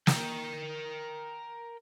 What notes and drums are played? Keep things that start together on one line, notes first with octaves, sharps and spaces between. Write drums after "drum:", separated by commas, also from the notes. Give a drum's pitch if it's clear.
A#4 G5, drum: snare